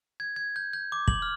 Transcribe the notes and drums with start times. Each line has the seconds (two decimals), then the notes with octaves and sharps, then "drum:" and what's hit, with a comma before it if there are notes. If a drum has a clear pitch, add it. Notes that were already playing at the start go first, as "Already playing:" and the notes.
0.20 G#6
0.36 G#6
0.56 G6
0.73 G6
0.92 D6
1.08 F#7, drum: kick
1.22 F6